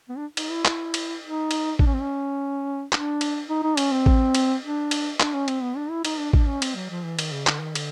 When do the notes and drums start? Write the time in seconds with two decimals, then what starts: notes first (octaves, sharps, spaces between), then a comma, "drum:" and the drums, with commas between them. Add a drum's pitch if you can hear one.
0.09 B3
0.18 D4
0.37 D#4, drum: cymbal
0.51 E4
0.65 E4, drum: clap
0.94 drum: cymbal
1.22 D#4
1.51 drum: cymbal
1.79 D4, drum: kick A1
1.86 C#4
1.94 C4
2.01 C#4
2.93 D4, drum: clap
3.21 drum: cymbal
3.49 D#4
3.63 D#4
3.77 C#4, drum: cymbal
3.92 C4
4.06 drum: kick A1
4.34 drum: cymbal
4.63 D4
4.91 drum: cymbal
5.20 D4, drum: clap
5.34 C#4
5.48 C4, drum: cymbal
5.62 B3
5.77 D4
5.91 E4
6.05 D#4, drum: cymbal
6.19 D4
6.33 D4, drum: kick A1
6.47 C#4
6.62 C4, drum: cymbal
6.75 F#3
6.90 F3
7.04 E3
7.19 D#3, drum: cymbal
7.32 C#3
7.47 D3, drum: clap
7.61 D#3
7.75 D3, drum: cymbal